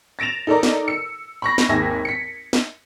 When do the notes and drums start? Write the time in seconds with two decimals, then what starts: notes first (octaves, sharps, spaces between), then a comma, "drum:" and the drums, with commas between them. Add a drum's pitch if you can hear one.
0.19 A6 A#6 D7 E7 F7
0.47 D#4 A4 A#4 D5 A#5
0.63 drum: snare
0.88 E6 C#7
1.42 B5 C#6 A#6
1.58 drum: snare
1.69 G#1 D#2 G#4 E5 G#6 A#6
2.05 B6 C#7
2.53 drum: snare